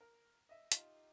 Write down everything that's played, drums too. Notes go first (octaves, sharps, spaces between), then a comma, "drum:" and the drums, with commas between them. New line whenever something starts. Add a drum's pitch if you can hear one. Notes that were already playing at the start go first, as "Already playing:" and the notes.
A#4
D#5 E5
D#4 F4 G4 E5, drum: hi-hat